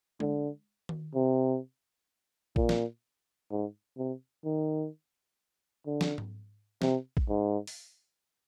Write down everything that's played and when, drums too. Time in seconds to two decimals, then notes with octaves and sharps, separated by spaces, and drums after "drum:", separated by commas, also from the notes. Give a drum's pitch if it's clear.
0.20 D3, drum: tom G#3
0.89 drum: tom D#3
1.15 C3
2.56 A#2, drum: kick
2.69 drum: snare
3.51 G#2
3.98 C3
4.44 D#3
5.86 D3
6.01 drum: snare
6.18 drum: tom G#2
6.82 C3, drum: snare
7.17 drum: kick
7.29 G#2
7.67 drum: open hi-hat